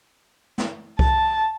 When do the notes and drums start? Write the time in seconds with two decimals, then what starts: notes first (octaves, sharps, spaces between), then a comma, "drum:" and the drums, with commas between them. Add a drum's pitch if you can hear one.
0.58 drum: snare
0.99 A5, drum: kick C2